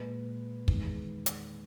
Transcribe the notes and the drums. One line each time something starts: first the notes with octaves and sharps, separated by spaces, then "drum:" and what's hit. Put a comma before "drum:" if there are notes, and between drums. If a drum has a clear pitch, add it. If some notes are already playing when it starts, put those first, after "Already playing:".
Already playing: A#2 G#3 B4
E2 D#3 G#3, drum: kick
drum: hi-hat